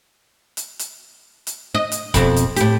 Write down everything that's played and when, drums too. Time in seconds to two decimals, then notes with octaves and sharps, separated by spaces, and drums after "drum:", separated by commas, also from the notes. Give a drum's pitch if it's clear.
0.57 drum: hi-hat
0.79 drum: hi-hat
1.47 drum: hi-hat
1.75 D#5
1.92 drum: hi-hat
2.14 F2 B2, drum: kick, hi-hat
2.36 drum: hi-hat
2.56 A2 G4, drum: hi-hat